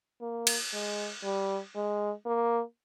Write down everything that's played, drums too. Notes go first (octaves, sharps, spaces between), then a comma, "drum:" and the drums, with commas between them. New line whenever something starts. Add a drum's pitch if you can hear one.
A#3
drum: cymbal
G#3
G3
G#3
A#3